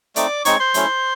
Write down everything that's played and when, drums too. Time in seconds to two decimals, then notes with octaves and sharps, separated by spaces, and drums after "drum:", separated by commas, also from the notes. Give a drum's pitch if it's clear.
0.16 A3 C4 D#4 D5 D6, drum: hi-hat
0.45 G#3 C4 D#4 C#5 C#6, drum: hi-hat
0.59 C5 C6
0.74 F#3 A3 C#4 E4, drum: hi-hat